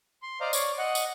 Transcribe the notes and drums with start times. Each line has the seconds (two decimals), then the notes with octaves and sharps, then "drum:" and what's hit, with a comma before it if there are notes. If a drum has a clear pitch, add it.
0.22 C6
0.40 C5 D5 D#5 F5 A#5
0.53 C#5 D5, drum: tambourine
0.78 D#5 F#5
0.95 drum: tambourine